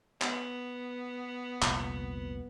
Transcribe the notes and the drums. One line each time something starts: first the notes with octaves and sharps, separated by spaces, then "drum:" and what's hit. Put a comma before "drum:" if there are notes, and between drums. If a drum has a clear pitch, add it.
B3, drum: clap
F1 C2 A#2, drum: clap